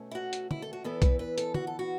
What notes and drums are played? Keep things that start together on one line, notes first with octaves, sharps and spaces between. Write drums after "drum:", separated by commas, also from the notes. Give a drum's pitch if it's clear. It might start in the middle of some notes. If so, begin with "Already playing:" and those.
Already playing: B2 A3 C#4
E4
F#4
drum: hi-hat
E4, drum: tom
A4
F#4
E2 E3 B3 E4 A4
B4, drum: kick B1, hi-hat
B4
A4, drum: hi-hat
F#4, drum: tom
A4
F#4